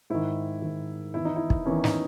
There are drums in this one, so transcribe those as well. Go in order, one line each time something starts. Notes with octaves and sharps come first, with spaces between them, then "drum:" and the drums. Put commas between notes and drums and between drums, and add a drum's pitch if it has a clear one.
G#2 D#3 E4
G#2 D#3
E2 D#3 E4
D#4
E4
drum: kick
E2 D#3 C#4
D#4, drum: snare